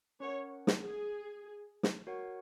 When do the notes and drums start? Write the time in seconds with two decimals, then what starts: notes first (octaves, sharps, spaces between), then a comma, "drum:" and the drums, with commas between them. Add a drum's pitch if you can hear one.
0.20 C#4 A#4 C#5 F#5
0.67 drum: snare
0.82 G#4
1.83 drum: snare
2.07 F#4 A#4 C#5 F#5